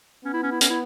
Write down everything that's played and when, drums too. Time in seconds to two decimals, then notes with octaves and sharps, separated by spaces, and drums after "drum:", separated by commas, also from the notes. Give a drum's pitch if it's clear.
0.25 B3 C#4
0.33 E4
0.43 C#4
0.51 E4
0.61 C#4, drum: hi-hat
0.70 E4